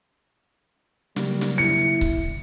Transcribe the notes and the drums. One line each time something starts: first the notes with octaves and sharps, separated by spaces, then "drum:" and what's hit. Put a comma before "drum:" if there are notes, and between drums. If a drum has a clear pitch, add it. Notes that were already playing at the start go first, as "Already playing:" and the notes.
C#3 F#3 G3 A#3, drum: snare
drum: snare
E4 C#7
D3, drum: kick C#1